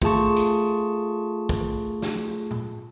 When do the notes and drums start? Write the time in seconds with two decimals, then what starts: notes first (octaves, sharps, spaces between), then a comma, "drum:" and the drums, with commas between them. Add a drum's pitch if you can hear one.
0.02 A3 F4 G#4 A5 C#6, drum: kick
0.36 drum: hi-hat
1.49 drum: kick
2.02 drum: snare
2.51 drum: tom